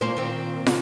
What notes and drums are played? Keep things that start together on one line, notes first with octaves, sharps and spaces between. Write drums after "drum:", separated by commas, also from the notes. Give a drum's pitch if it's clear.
A#2 A#3 C#4 C5
D#3 C4
C#3, drum: snare